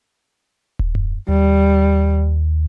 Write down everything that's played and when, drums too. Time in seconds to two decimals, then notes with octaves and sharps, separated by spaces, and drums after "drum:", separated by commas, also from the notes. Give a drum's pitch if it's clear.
0.79 drum: kick D#1
0.95 drum: tom F#2
1.28 D#2 G3